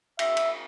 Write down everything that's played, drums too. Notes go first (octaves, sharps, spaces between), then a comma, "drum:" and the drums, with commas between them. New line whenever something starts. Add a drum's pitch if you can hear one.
E5, drum: cymbal
drum: cymbal